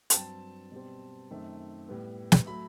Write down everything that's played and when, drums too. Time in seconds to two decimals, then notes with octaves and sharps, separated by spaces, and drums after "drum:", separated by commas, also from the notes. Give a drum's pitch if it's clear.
0.10 G5, drum: hi-hat
0.13 G2 F#3 C4 A5
0.72 B2 G3 C4
1.31 F#2 D#3 A3 C4
1.89 A2 G3 B3
2.32 drum: snare
2.46 F#3 A3 B5